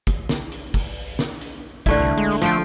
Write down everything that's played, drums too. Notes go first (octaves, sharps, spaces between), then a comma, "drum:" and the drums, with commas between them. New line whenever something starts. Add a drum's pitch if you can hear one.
drum: kick, hi-hat
drum: snare
drum: hi-hat
drum: kick, open hi-hat
drum: snare
drum: hi-hat
A#1 D3 A3 E4, drum: kick, hi-hat
C2
G#3
drum: hi-hat
F3 A3 F4 G5